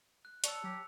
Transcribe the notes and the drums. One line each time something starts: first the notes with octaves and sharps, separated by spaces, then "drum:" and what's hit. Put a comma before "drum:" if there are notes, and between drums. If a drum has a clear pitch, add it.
F#6
C#5 D5 A5 E6 C#7 F7, drum: hi-hat
F#3 G4